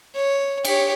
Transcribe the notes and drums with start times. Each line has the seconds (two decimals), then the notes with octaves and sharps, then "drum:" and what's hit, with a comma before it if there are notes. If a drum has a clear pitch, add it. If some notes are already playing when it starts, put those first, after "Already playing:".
0.14 C#5
0.65 G4 C#5, drum: cymbal